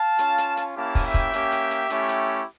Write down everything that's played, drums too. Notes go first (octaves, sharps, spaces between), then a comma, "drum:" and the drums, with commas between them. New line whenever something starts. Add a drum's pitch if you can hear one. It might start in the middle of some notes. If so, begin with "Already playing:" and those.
Already playing: F5 A5
C#4 F4, drum: hi-hat
drum: hi-hat
drum: hi-hat
A#3 C#4 E4 G4 F5 A5
drum: kick, open hi-hat
E5 G5
drum: kick, hi-hat
A#3 C#4 G4, drum: hi-hat
drum: hi-hat
drum: hi-hat
A3 C#4 E4 G4, drum: hi-hat
drum: hi-hat